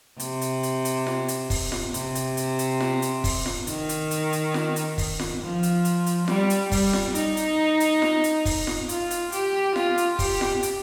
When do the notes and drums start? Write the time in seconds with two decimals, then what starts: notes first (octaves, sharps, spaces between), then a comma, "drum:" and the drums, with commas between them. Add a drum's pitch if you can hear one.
0.20 C3, drum: hi-hat
0.41 drum: hi-hat
0.63 drum: hi-hat
0.85 drum: hi-hat
1.07 drum: snare F4
1.28 drum: hi-hat
1.50 drum: kick, open hi-hat
1.72 drum: snare F4
1.94 C3, drum: hi-hat
2.15 drum: hi-hat
2.37 drum: hi-hat
2.59 drum: hi-hat
2.80 drum: snare F4
3.02 drum: hi-hat
3.24 drum: kick, open hi-hat
3.46 drum: snare F4
3.67 D#3, drum: hi-hat
3.89 drum: hi-hat
4.11 drum: hi-hat
4.33 drum: hi-hat
4.54 drum: snare F4
4.76 drum: hi-hat
4.98 drum: kick, open hi-hat
5.19 drum: snare F4
5.42 F3
5.63 drum: hi-hat
5.85 drum: hi-hat
6.06 drum: hi-hat
6.28 G3, drum: snare F4
6.50 drum: hi-hat
6.72 G3, drum: kick, open hi-hat
6.93 drum: snare F4
7.15 D#4, drum: hi-hat
7.37 drum: hi-hat
7.80 drum: hi-hat
8.02 drum: snare F4
8.24 drum: hi-hat
8.45 drum: kick, open hi-hat
8.67 drum: snare F4
8.89 F4, drum: hi-hat
9.11 drum: hi-hat
9.32 G4, drum: hi-hat
9.76 F4, drum: snare F4
9.98 drum: hi-hat
10.19 G4, drum: kick, open hi-hat
10.41 drum: snare F4
10.63 drum: hi-hat